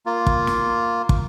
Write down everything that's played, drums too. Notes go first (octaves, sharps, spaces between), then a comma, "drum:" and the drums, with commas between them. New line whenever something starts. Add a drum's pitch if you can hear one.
A#3 F4
drum: kick
drum: snare
drum: kick